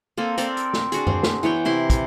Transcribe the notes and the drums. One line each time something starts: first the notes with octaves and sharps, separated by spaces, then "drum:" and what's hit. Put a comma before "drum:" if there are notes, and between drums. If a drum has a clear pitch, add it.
A#3 C4 A4 G#5
C4 A4 A#4 D5, drum: hi-hat
drum: hi-hat
drum: snare
D4 F#4 G#4, drum: hi-hat
C4, drum: tom F#2
drum: snare
E3 B3 C#5 G5
C3 E4 C6
drum: kick, hi-hat